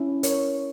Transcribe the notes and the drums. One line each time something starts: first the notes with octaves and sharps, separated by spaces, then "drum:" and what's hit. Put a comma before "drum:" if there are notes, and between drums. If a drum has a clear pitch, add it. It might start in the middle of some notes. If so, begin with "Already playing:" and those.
Already playing: C#4 E4
A#4 C#5, drum: hi-hat